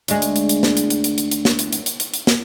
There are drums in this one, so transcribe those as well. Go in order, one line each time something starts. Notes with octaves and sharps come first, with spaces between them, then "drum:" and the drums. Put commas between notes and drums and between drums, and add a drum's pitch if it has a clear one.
D2 G#3, drum: hi-hat
drum: hi-hat
drum: hi-hat
drum: hi-hat
drum: snare
drum: hi-hat
drum: hi-hat
drum: hi-hat
drum: hi-hat
drum: hi-hat
drum: snare
drum: hi-hat
drum: hi-hat
drum: hi-hat
drum: hi-hat
drum: hi-hat
drum: snare